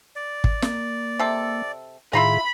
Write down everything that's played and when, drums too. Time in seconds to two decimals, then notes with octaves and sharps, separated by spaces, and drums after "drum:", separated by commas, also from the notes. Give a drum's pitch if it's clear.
0.16 D5
0.44 drum: kick
0.62 A#3, drum: snare
1.19 C3 A4
2.13 A2 D#3 E4 F4 G#4 A#5 B5